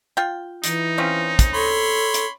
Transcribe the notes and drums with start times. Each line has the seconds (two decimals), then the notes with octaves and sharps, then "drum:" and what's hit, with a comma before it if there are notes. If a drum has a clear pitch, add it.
0.17 F4 G5
0.64 E3 D#4, drum: hi-hat
0.98 C4 C#4 F4
1.39 drum: kick, hi-hat
1.54 A4 C#5 B5 C6
2.14 drum: hi-hat